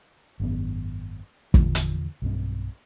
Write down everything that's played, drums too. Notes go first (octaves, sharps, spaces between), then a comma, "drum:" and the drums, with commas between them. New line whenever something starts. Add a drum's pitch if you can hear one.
G#1 F#2 B3
E2 A#2 D3 F3, drum: kick
drum: hi-hat
B1 G2 C4